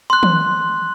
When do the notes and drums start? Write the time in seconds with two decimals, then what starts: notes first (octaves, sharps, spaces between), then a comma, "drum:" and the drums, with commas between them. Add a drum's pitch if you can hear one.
0.10 C6 F#6
0.23 drum: tom